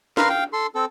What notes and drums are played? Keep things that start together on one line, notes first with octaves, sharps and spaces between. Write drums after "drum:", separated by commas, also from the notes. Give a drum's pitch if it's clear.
A#4 B4 F5 C6 F6, drum: snare
F5 G5
A4 C6
C4 A4